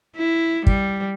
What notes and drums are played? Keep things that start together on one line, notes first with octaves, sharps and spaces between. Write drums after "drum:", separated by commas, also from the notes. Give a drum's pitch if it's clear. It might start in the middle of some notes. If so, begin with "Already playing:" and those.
E4
G3, drum: kick